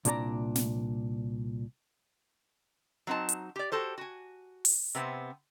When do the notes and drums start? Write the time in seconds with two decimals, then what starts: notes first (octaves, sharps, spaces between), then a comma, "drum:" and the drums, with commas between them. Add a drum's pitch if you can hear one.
0.05 C2 A#2 D4 G#4 D5 A#5, drum: hi-hat
0.55 drum: snare
3.07 F#3 C4 D#4 A5
3.29 drum: hi-hat
3.56 G4 D5
3.72 F#4 G4 A4 C5
3.98 F#4 G#5
4.65 drum: open hi-hat
4.95 C3 B3 C4